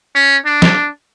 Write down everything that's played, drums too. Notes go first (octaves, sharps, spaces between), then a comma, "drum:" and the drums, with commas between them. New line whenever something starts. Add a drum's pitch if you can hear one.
C#4
D4
drum: snare